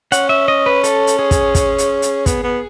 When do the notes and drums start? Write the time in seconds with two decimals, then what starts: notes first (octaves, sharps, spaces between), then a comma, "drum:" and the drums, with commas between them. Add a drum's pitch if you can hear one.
0.12 C#4 F#5, drum: hi-hat
0.29 E5
0.48 D#5
0.66 B4
0.84 A4, drum: hi-hat
1.07 drum: hi-hat
1.19 G#4
1.31 drum: kick, hi-hat
1.55 drum: kick, hi-hat
1.78 drum: hi-hat
2.02 drum: hi-hat
2.26 B3, drum: kick, hi-hat
2.43 B3